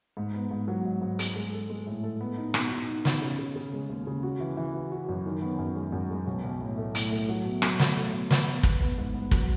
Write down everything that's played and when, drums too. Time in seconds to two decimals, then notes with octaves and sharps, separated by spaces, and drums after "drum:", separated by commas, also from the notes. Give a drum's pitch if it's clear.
0.17 G#2
0.34 B3
0.51 G#2
0.68 F#3
0.85 G#2
1.02 G#2
1.19 G#3, drum: hi-hat
1.36 G#3
1.53 A4
1.70 G#3
1.86 A2
2.03 A4
2.21 B3
2.37 D#4
2.54 B2, drum: rim click
2.71 D#4
2.88 D#4
3.05 B2, drum: snare
3.22 C#3
3.39 C#3
3.56 C#3
3.73 G#3
3.90 D#2
4.07 C#3
4.23 F#4
4.41 E3
4.57 E3
4.74 F#4
4.92 F#4
5.09 F#2
5.25 D#3
5.42 B3
5.59 F#2
5.76 G#3
5.92 F#2
6.10 G#3
6.27 B1
6.44 B1
6.61 A2
6.78 A3
6.95 A2, drum: hi-hat
7.11 A3
7.28 F#3
7.45 B2
7.62 F#3, drum: rim click
7.79 A3, drum: snare
7.96 A3
8.13 B2
8.31 B3, drum: snare
8.47 B3
8.63 B3, drum: kick
8.80 B3
8.98 G#2
9.14 B3
9.31 F#3, drum: kick